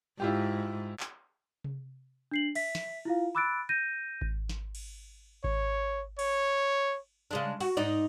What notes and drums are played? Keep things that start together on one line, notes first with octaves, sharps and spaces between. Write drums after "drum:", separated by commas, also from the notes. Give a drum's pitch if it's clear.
G#2 E4 F4 G4
drum: clap
drum: tom C3
D4 C7 F#7
E5 B6, drum: cymbal
drum: snare
E4 F4 F5
B5 D6 E6 F#6 A6 D7
G6 A#6 D#7
drum: kick G#1
drum: snare
drum: cymbal
C#5, drum: kick G#1
C#5, drum: cymbal
C#3 G#3 D4
F#4, drum: cymbal
G#2 D#4 D5